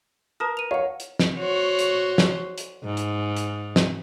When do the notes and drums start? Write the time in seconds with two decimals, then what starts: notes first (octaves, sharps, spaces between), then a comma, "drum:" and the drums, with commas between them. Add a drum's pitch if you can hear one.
0.40 A#4 B4 A5 D#6
0.57 D#7 F7
0.71 C#5 F5 F#5
1.00 drum: hi-hat
1.19 drum: snare
1.39 F#4 C5 C#5
1.79 drum: hi-hat
2.18 drum: snare
2.58 drum: hi-hat
2.85 G#2
2.97 drum: hi-hat
3.37 drum: hi-hat
3.76 drum: snare